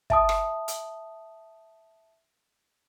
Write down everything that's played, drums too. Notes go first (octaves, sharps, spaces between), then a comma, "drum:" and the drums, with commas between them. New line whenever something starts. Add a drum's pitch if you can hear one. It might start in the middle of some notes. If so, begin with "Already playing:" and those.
E5 A5 D#6, drum: kick
drum: rim click
drum: hi-hat